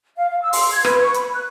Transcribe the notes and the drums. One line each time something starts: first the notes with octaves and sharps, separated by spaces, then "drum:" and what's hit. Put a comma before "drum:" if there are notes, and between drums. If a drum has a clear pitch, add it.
F5
F5
E6
C6, drum: open hi-hat
G#6
B4, drum: rim click
C#6
B5, drum: hi-hat
F#6